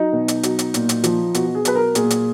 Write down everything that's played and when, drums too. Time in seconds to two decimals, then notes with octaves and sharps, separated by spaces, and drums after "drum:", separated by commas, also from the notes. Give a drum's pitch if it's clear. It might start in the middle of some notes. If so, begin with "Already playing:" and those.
Already playing: F#3 D#4
0.13 B2
0.28 drum: hi-hat
0.43 F#3, drum: hi-hat
0.59 drum: hi-hat
0.74 A#2, drum: hi-hat
0.89 drum: hi-hat
1.04 F3, drum: hi-hat
1.34 B2 F#4, drum: hi-hat
1.55 G#4
1.65 F#3 B4, drum: hi-hat
1.75 A#4
1.95 A#2 G#4, drum: hi-hat
2.10 drum: hi-hat